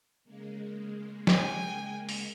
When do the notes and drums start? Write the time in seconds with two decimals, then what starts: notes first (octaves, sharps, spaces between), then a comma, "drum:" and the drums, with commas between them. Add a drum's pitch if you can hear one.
0.24 C#3 G#3 A#3
1.27 G5 G#5, drum: snare
2.09 drum: open hi-hat